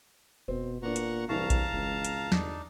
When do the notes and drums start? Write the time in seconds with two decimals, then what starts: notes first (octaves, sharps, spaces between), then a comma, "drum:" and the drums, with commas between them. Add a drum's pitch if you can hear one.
0.48 F1 B2 C4
0.83 A#2 B3 D4 F#5 A#5 C#6
0.96 drum: hi-hat
1.29 E1 C2 E3 F5 A5 A#5 C#6
1.50 drum: kick A#1, hi-hat
1.73 F#1 C#2
2.05 drum: hi-hat
2.32 G1 E2 D4 D#4, drum: snare